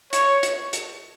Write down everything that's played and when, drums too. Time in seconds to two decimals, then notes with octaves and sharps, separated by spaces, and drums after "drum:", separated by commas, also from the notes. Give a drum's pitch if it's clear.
0.13 C#5, drum: hi-hat
0.43 drum: hi-hat
0.73 drum: hi-hat